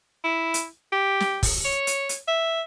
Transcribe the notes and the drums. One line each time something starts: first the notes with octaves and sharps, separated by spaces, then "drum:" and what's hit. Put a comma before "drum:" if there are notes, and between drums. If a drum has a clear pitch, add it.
E4
drum: hi-hat
G4
drum: snare
drum: kick, open hi-hat
C#5
drum: hi-hat
drum: hi-hat
E5